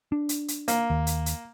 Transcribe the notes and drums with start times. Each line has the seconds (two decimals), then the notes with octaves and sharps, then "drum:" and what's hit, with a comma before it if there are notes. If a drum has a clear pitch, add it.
0.12 D4
0.29 drum: hi-hat
0.48 drum: hi-hat
0.68 A#3, drum: hi-hat
0.90 D#2
1.07 drum: hi-hat
1.26 drum: hi-hat